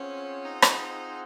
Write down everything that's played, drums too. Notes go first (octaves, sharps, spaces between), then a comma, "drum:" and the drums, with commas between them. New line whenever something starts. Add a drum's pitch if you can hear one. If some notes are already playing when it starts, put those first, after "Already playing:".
Already playing: C4 C#4 F4 G#4 C5 F#5
D#4
drum: rim click